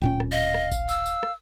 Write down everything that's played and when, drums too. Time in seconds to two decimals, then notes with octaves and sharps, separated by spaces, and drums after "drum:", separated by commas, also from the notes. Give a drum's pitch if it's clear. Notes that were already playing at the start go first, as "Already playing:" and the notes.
0.02 D1 A#2 C#4 G5
0.20 drum: rim click
0.32 D#5 F5
0.54 drum: rim click
0.72 drum: kick A1, tambourine
0.89 E6, drum: tambourine
1.06 drum: tambourine
1.23 drum: rim click